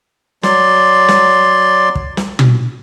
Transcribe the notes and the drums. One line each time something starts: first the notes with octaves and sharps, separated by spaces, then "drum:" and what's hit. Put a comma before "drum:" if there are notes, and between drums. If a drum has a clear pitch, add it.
F#3 D5 C6, drum: snare
drum: snare
drum: kick
drum: snare
drum: tom